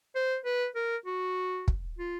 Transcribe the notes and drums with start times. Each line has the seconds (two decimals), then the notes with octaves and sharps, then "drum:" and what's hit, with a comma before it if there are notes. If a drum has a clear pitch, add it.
0.15 C5
0.45 B4
0.75 A#4
1.06 F#4
1.68 drum: kick
1.98 F4